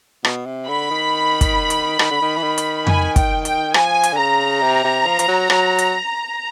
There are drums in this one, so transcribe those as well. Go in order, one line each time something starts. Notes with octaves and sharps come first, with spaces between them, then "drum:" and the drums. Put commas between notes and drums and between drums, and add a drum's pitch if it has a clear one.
B2, drum: rim click
C3
D3 B5
D#3
drum: kick, hi-hat
drum: hi-hat
D#3, drum: rim click
D3
D#3
E3
D#3
drum: hi-hat
G#5, drum: tom F2
G5, drum: kick, hi-hat
G5, drum: hi-hat
F3 G#5, drum: rim click
drum: hi-hat
D3
C#3 A#5
C3
C3
F3
F3, drum: hi-hat
F#3
F#3, drum: rim click
drum: hi-hat